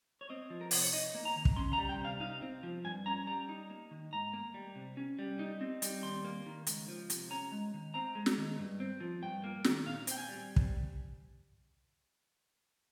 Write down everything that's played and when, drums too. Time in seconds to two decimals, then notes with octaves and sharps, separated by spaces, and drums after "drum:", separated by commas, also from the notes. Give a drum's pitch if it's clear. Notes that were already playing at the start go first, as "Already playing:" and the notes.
0.21 C#5
0.30 C4 D#5
0.50 F3
0.61 A#4
0.71 C3 C5, drum: open hi-hat
0.83 C#5
0.93 D#4 D#5
1.14 A#3
1.25 A#5
1.36 D#3
1.45 drum: kick
1.56 C#4 C6
1.73 A#5
1.78 G3
1.89 G5
1.99 C3
2.05 F5
2.20 D#4 F5
2.42 C4
2.63 F3
2.84 G2 G#5
3.06 C#4 A#5
3.27 G3 A#5
3.49 D#4
3.70 A#3
3.91 D#3
4.12 G#2 A#5
4.33 A#3
4.54 G3
4.76 C3
4.97 C#4
5.19 G3
5.39 D#4
5.61 C4
5.82 G3, drum: hi-hat
6.03 D#2 C6
6.24 A#3
6.46 D#3
6.67 C#2, drum: hi-hat
6.88 F3
7.10 C3, drum: hi-hat
7.30 C#4 A#5
7.52 G#3
7.74 D#3
7.94 C4 A#5
8.15 G#3
8.26 drum: snare
8.38 D#3
8.59 G2
8.80 C4
9.00 F3
9.22 G2 G5
9.44 A#3
9.64 D#3, drum: snare
9.86 A#2 F5
10.07 C4 G5, drum: hi-hat
10.18 G#5
10.29 G3
10.56 drum: kick